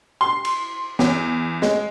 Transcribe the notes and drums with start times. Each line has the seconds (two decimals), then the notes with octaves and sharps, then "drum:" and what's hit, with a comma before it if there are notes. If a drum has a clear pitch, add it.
0.21 C6
0.45 drum: cymbal
0.99 E2, drum: snare
1.62 G#3, drum: snare